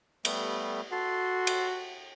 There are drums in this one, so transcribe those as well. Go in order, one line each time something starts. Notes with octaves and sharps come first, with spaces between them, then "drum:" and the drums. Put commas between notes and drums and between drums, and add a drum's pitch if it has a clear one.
G3 A3 B3, drum: cymbal
F#4 A4 C6
drum: cymbal